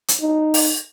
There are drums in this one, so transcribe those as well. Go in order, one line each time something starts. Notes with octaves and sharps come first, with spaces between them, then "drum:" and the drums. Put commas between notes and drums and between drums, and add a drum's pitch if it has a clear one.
drum: hi-hat
D#4
drum: open hi-hat